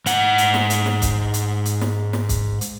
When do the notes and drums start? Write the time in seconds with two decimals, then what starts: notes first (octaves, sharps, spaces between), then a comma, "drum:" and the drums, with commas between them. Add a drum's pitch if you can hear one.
0.06 G#2 F#5, drum: hi-hat
0.38 drum: hi-hat
0.54 drum: snare
0.70 drum: hi-hat
0.86 drum: snare
1.02 drum: kick, hi-hat
1.34 drum: hi-hat
1.65 drum: hi-hat
1.81 drum: snare
2.13 drum: snare
2.29 drum: kick, hi-hat
2.61 drum: hi-hat